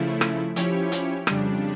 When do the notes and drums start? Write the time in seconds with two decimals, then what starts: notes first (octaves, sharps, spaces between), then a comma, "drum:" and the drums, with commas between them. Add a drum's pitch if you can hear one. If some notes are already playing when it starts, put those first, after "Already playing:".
Already playing: C#3 F3 A3 E4
0.21 drum: rim click
0.56 F3 C#4 E4 G4 C#5, drum: hi-hat
0.92 drum: hi-hat
1.27 F2 C#3 G3 D4, drum: rim click